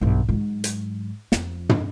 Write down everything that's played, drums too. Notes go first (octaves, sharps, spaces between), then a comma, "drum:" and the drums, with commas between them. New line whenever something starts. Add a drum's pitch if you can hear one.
B1 G2
G#2 F#3
drum: hi-hat
F2 F3, drum: snare
drum: tom